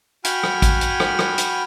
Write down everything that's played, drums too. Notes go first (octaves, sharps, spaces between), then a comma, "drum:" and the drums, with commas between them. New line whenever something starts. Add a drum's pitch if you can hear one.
F#4 G5 G#5 B5 F6, drum: hi-hat
drum: rim click
drum: kick, hi-hat
drum: hi-hat
drum: rim click
drum: rim click
drum: hi-hat